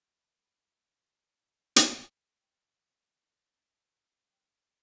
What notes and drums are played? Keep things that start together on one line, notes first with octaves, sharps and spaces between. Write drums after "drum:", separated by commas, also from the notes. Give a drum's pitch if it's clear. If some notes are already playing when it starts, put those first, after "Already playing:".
Already playing: C#4 G4 C#5
B5
B5
A5
drum: hi-hat
G5
E4 A4 C#5
E5
G5
A5